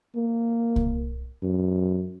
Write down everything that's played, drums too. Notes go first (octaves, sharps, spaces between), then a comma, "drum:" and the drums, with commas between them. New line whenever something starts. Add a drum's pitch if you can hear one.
A#3
drum: kick C2
F#2